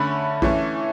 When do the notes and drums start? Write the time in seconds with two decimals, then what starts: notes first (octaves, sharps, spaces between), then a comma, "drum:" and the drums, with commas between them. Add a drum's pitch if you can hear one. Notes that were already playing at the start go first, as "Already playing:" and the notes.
Already playing: D3 A3 C#4 B5
0.42 E3 A3 C#4, drum: kick A#1